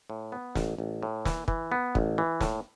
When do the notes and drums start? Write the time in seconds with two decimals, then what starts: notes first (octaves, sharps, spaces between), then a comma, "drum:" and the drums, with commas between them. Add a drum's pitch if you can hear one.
0.10 A2
0.32 B3
0.55 A1, drum: snare
0.78 A1
1.03 A2
1.25 E3, drum: snare
1.48 E3, drum: kick
1.72 B3
1.95 A1, drum: kick
2.18 E3
2.41 A2, drum: snare